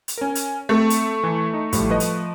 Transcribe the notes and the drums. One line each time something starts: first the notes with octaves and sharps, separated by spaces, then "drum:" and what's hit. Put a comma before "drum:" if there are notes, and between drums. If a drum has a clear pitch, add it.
drum: hi-hat
C#4 A#4
drum: hi-hat
A3 C4
drum: hi-hat
E3
D#4
A2 F3 G3, drum: kick, hi-hat
F3 B4 D#5
drum: hi-hat